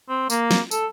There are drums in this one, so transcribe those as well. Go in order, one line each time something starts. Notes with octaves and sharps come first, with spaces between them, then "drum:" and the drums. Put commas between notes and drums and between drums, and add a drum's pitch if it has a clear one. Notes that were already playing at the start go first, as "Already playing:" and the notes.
C4
A#3, drum: tambourine
drum: snare
A4, drum: tambourine